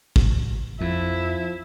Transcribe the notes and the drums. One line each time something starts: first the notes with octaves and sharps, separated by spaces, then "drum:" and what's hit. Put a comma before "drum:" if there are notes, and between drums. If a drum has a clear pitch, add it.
drum: kick
F2 F3 E4